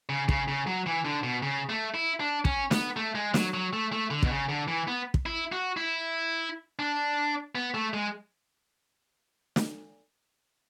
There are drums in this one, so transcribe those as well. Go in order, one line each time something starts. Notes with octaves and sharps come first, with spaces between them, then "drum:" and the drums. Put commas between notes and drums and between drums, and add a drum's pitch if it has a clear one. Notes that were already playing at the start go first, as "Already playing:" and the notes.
C#3
C#3, drum: kick
C#3
F#3
E3
D3
B2
C#3
A3
E4
D4
C#4, drum: kick
B3, drum: snare
A3
G#3
F#3, drum: snare
F#3
A3
A3
D3
B2, drum: kick
C#3
D3
E3
B3
drum: kick
E4
F#4
E4
D4
B3
A3
G#3
drum: snare